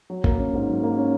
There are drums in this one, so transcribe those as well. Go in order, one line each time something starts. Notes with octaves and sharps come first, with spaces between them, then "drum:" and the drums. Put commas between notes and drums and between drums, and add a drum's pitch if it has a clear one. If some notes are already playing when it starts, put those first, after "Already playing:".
F#3
A#3, drum: kick G#1
C#4
G#2
F#3
A#3
C#4